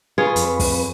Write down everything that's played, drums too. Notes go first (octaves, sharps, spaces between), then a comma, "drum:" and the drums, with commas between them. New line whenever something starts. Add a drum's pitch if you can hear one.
F4 G#4 B4 C#5
F2, drum: hi-hat
drum: kick, open hi-hat